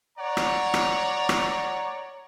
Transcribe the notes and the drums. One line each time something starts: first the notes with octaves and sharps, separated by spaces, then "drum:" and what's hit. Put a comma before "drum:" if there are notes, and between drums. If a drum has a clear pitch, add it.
C#5 D5 F#5 A#5
drum: rim click
drum: rim click
drum: rim click